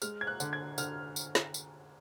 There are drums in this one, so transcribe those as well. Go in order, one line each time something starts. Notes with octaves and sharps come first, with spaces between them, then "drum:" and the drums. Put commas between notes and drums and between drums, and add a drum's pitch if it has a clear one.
G#3 F6, drum: tambourine
G#6
F#6
D3, drum: tambourine
G#6
D3 F6, drum: tambourine
drum: tambourine
drum: snare
drum: tambourine